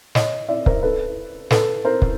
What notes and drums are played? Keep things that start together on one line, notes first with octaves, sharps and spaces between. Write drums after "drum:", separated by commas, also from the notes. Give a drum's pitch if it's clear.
C#5 D#5, drum: snare
D5 E5
A#4 C5, drum: kick
A4 B4
A4 B4, drum: snare
A#4 C5
drum: kick